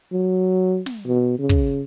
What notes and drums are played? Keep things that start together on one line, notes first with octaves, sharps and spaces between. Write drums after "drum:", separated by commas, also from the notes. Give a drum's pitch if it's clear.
F#3
drum: snare
B2
C#3
drum: kick